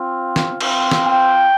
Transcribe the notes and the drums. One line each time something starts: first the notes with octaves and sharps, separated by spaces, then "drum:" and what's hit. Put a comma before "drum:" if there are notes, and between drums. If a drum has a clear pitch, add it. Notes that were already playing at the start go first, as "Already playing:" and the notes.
Already playing: C4 F4
drum: snare
C4 F4, drum: cymbal
drum: snare
G5